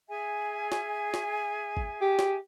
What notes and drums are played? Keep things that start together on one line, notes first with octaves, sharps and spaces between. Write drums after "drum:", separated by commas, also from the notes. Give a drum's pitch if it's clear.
G#4 E5 G#5
drum: snare
drum: snare
drum: kick
G4
drum: snare